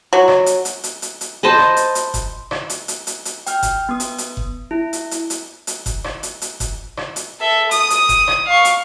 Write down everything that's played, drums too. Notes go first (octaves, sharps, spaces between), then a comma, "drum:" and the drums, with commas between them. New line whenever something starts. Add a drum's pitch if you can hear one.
F#3
drum: rim click
drum: hi-hat
drum: hi-hat
drum: hi-hat
drum: hi-hat
drum: hi-hat
C5 D#5 A5 B5
drum: rim click
drum: hi-hat
drum: hi-hat
drum: kick F#1, hi-hat
drum: rim click
drum: hi-hat
drum: hi-hat
drum: hi-hat
drum: hi-hat
G5 F6, drum: hi-hat
drum: kick F#1, hi-hat
B3 D#6
drum: hi-hat
drum: hi-hat
drum: kick F#1
E4
drum: hi-hat
drum: hi-hat
drum: hi-hat
drum: hi-hat
drum: kick F#1, hi-hat
drum: rim click
drum: hi-hat
drum: hi-hat
drum: kick F#1, hi-hat
drum: rim click
drum: hi-hat
A4 E5
D#6, drum: hi-hat
drum: hi-hat
drum: kick F#1, hi-hat
drum: rim click
F5 C#6
drum: hi-hat